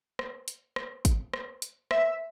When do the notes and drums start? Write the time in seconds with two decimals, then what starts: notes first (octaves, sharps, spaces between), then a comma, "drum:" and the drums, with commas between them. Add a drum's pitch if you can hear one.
0.19 drum: rim click
0.48 drum: hi-hat
0.76 drum: rim click
1.05 drum: kick G#1, hi-hat
1.34 drum: rim click
1.62 drum: hi-hat
1.91 E5, drum: rim click